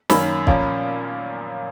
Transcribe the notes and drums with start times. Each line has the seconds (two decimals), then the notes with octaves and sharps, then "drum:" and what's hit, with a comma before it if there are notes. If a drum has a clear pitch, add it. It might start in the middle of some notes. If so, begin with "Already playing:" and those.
0.10 F#2 D#3 A#3 C#4 B5, drum: snare
0.47 A#2 F3 A#3 C#4, drum: kick